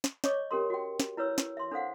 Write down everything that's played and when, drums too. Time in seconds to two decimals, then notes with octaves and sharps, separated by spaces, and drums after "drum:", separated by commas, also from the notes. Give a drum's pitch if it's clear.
0.04 drum: snare
0.24 C#5 D#5 C#6 D6, drum: snare
0.51 C#4 G4 A#4 C6
0.70 F#4 G5
1.00 drum: snare
1.17 E4 B4 C#5 E6
1.38 drum: snare
1.57 E5 C6
1.72 D4 A4 C5 F5 F#5